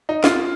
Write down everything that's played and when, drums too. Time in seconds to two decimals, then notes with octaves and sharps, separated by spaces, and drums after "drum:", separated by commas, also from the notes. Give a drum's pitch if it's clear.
0.09 D#4
0.24 F4, drum: snare